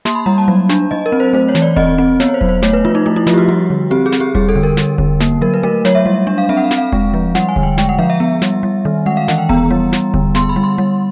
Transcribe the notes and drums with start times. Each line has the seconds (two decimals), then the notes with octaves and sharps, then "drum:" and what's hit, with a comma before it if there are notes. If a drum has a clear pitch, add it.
0.05 A#3 C6, drum: snare
0.15 B5
0.26 G3 A#5
0.38 A5
0.48 F#3
0.69 D4, drum: snare
0.91 F#3 D#5
1.06 A#4
1.12 C4
1.20 C5
1.33 A3 C5
1.49 C#5
1.55 E3, drum: snare
1.62 D5
1.76 C4 D#5, drum: kick E1
1.98 C4
2.20 B3 C#5, drum: snare
2.34 C5
2.41 F#3, drum: kick E1
2.49 C5
2.62 A3 C#5, drum: snare
2.73 B4
2.85 F3 F4
2.95 D#4
3.06 A3 E4
3.16 E4
3.27 F3 F4, drum: snare
3.34 G4
3.38 F#4
3.48 G3 F#4
3.70 D3
3.91 C4 G4
4.06 G#4
4.12 C4, drum: snare
4.20 G4
4.35 G3 G#4, drum: kick E1
4.49 A4
4.55 D3
4.63 A#4
4.77 G3, drum: snare
4.98 D3, drum: kick E1
5.20 A#3, drum: snare
5.41 F#3 A#4
5.54 B4
5.63 A3 A#4
5.85 F#3 C#5, drum: snare
5.95 E5
6.06 G3
6.27 D4
6.38 F5
6.49 C4 E5
6.57 F#5
6.64 F5
6.71 C4, drum: snare
6.77 F5
6.92 G#3, drum: kick E1
7.14 F3
7.35 G3 F#5, drum: snare
7.49 G#5
7.56 D3, drum: kick E1
7.63 G5
7.78 G#3 G5, drum: snare
7.89 F#5
7.99 F3 F5
8.10 E5
8.20 B3
8.42 G3, drum: snare
8.63 G3
8.85 D#3
9.06 G#3 F#5
9.17 F5
9.28 E3 F#5, drum: snare
9.38 G5
9.49 B3 A#5, drum: kick E1
9.71 G3
9.93 G3, drum: snare
10.14 D3, drum: kick E1
10.35 B3 C6, drum: snare
10.49 B5
10.56 G3
10.64 C6
10.78 G3